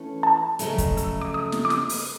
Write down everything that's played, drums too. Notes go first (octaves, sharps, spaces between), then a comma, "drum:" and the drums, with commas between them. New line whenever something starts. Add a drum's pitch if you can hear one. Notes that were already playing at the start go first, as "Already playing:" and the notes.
Already playing: E3 A3 C#4
A5
F2 C#3 F#3 A3, drum: hi-hat
drum: kick, hi-hat
E6, drum: hi-hat
D6
D#6
drum: snare
D6
D#6, drum: snare
drum: open hi-hat